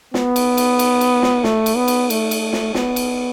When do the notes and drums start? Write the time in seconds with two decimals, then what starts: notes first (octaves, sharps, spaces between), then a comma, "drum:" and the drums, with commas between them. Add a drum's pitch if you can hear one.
0.14 B3, drum: snare
0.36 drum: cymbal
0.58 drum: cymbal
0.79 drum: cymbal
1.01 drum: cymbal
1.23 drum: snare
1.44 A3, drum: snare
1.66 drum: cymbal
1.76 B3
1.88 drum: cymbal
2.10 A3, drum: cymbal
2.31 drum: cymbal
2.53 drum: snare
2.74 B3, drum: snare
2.96 drum: cymbal